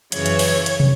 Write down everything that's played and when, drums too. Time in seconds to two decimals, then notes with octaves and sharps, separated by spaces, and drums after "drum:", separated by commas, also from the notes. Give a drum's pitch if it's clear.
0.12 F#2 C#3 E3 C#5, drum: hi-hat
0.26 drum: hi-hat
0.39 drum: open hi-hat
0.66 drum: hi-hat
0.80 drum: tom